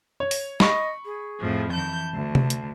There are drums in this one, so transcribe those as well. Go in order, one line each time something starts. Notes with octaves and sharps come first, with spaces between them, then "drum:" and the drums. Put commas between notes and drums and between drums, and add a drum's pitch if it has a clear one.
C#5
drum: open hi-hat
D#5 B5 C#6, drum: snare
G#4
F2 A2 F3
E3 A5 G6
D2
drum: tom C3
drum: hi-hat